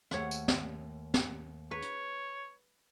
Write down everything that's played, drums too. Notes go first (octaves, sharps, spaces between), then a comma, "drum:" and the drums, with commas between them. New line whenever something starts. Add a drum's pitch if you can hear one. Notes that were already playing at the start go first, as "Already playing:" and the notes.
D#2 A3 C#5 F#5, drum: rim click
drum: tambourine
drum: snare
drum: snare
B4 C#5
drum: hi-hat